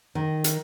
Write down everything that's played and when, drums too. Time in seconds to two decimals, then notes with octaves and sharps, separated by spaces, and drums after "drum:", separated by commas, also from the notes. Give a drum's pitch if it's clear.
0.15 D#3
0.44 drum: hi-hat